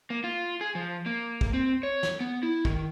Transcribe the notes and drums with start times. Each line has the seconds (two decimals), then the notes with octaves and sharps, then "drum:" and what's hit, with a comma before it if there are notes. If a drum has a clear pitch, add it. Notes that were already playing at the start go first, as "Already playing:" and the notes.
0.10 A#3
0.24 F4
0.61 G#4
0.75 F3
1.06 A#3
1.41 drum: kick
1.54 C4
1.83 C#5
2.03 drum: snare
2.20 B3
2.43 E4
2.65 D#3, drum: kick